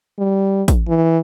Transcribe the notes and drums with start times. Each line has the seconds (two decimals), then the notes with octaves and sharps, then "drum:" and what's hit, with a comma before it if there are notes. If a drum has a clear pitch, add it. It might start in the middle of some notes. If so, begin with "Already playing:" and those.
0.19 G3
0.68 drum: kick, hi-hat
0.88 E3